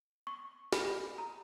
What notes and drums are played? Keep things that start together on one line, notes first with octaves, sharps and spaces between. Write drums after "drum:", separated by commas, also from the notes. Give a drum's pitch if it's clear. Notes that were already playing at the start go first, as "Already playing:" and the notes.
C#6
B5, drum: snare
A#5